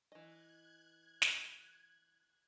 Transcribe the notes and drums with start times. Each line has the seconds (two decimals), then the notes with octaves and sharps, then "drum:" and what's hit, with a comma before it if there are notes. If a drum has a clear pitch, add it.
0.12 E3 D#5 F#6 G#6
1.22 drum: snare